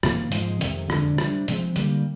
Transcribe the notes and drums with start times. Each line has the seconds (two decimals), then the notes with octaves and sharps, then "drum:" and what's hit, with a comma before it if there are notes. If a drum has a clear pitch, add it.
0.03 F2 C3 D#3 A#3, drum: rim click
0.32 G#2 F3 G#3, drum: hi-hat
0.61 F2 C3 D#3, drum: hi-hat
0.90 F2 D3 G#3 D4, drum: rim click
1.18 C3 G3 D4, drum: rim click
1.48 C3 F3 G#3 C4, drum: hi-hat
1.76 D3 G3 A#3, drum: hi-hat